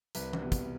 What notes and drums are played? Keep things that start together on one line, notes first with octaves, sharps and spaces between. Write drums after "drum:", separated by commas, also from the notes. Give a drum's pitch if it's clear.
C2 B4, drum: hi-hat
drum: tom E3
B2 G3 B3
drum: kick, hi-hat